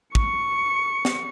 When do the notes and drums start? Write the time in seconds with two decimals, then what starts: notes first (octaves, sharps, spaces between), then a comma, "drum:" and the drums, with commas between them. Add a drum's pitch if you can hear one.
0.15 C#6 C#7, drum: kick
1.05 drum: snare